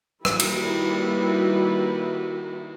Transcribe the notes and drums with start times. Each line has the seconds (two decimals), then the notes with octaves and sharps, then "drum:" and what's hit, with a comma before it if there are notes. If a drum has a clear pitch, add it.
0.25 D#3 G3 A#3 E4 F#4 B4, drum: rim click
0.40 drum: cymbal